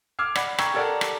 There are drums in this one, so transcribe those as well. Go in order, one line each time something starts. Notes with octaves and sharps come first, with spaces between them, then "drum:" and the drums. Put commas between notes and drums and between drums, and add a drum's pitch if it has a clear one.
D6 E6 F6 G#6 C7
D5 F#5 B5, drum: rim click
G5 A#5 C#6 E6 G#6, drum: rim click
G4 A4 A#4 D5 F#5
drum: rim click